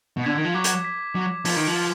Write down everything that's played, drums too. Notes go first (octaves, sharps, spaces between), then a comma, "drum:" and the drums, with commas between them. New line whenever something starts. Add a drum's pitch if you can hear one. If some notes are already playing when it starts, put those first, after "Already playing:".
B2
D3 G#6 B6
D#3
F3
F#3 D6
drum: hi-hat
G#6 B6
F#3 D6
F3 G#6 B6, drum: open hi-hat
D#3
F3
F6